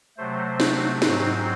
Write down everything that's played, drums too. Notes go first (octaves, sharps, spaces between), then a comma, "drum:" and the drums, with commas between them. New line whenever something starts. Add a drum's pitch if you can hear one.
C3 F#3 A3 C5
drum: snare
G#2 F#3 C4 C5, drum: snare